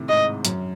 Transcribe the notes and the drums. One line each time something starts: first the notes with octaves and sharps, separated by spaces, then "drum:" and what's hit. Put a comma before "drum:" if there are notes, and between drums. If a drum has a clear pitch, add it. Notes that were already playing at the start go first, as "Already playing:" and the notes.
Already playing: A2 C3 D#3
G#2 D#5
F#2, drum: hi-hat